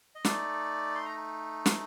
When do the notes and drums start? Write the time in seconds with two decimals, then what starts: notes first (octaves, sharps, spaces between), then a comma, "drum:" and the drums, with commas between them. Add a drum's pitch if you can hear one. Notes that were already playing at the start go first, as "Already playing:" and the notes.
0.15 D#5
0.25 A3 D#4 D5, drum: snare
0.95 C6
1.06 A#5
1.66 drum: snare